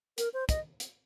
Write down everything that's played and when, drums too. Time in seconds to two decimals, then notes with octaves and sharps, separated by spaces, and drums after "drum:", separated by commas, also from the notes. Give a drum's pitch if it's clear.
0.18 A#4, drum: hi-hat
0.34 C5
0.49 D#5, drum: kick, hi-hat
0.80 drum: hi-hat